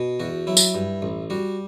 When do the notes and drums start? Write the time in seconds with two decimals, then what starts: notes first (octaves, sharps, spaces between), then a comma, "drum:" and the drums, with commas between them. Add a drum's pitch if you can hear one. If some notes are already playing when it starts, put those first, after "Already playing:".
Already playing: B2
0.20 E2 F#4
0.47 F#3 E4
0.57 drum: tambourine
0.75 G2
1.02 A1
1.30 G3 F#4